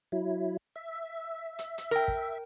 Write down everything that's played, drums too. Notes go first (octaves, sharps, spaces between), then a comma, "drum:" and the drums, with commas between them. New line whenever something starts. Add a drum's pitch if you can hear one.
F#3 E4
E5
drum: hi-hat
drum: hi-hat
A#4 G5
drum: kick